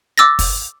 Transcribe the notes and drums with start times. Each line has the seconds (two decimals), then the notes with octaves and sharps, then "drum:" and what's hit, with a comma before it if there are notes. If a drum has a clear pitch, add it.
0.18 D6 E6 A6 A#6
0.39 drum: kick, open hi-hat